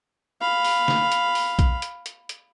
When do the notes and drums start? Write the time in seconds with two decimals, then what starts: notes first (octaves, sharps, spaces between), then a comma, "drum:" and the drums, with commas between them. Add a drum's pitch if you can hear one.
0.41 F5 B5
0.65 drum: open hi-hat
0.88 drum: snare
1.12 drum: hi-hat
1.35 drum: open hi-hat
1.59 drum: kick B1, hi-hat
1.82 drum: hi-hat
2.06 drum: hi-hat
2.29 drum: hi-hat